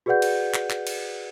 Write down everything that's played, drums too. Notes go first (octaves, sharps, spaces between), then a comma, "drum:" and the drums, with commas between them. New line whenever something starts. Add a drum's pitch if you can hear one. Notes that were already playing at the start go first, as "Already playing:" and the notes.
F#4 G#4 B4 D5 F#5 G6
drum: cymbal
drum: clap
drum: clap
drum: cymbal